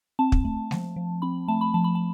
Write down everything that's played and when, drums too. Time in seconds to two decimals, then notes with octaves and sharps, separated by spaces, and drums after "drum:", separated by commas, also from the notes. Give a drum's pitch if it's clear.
0.19 C4 A5
0.32 drum: kick
0.45 A3
0.71 F3, drum: snare G#3
0.96 F3
1.22 C4 B5
1.48 A3 A5
1.61 B5
1.74 F3 A5
1.84 B5
1.95 A5